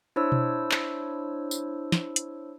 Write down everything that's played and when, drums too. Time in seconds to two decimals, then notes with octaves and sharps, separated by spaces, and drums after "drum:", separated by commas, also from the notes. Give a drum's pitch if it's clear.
0.16 D4 E4 C5 C#5 E6
0.32 drum: tom B2
0.72 drum: clap
1.51 drum: tambourine
1.92 drum: snare
2.16 drum: hi-hat